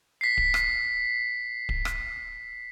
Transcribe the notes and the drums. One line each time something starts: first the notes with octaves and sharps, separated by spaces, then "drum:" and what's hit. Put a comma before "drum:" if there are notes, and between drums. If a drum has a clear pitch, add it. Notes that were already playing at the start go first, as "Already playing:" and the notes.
B6 C7
drum: kick D1
drum: rim click
drum: kick D1
drum: rim click